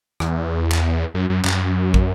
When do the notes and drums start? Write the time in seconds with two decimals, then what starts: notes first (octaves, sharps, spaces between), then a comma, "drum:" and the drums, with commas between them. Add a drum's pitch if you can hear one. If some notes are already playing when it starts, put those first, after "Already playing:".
0.20 E2, drum: rim click
0.72 drum: clap
1.14 F#2
1.30 F#2
1.45 F#2, drum: clap
1.94 drum: kick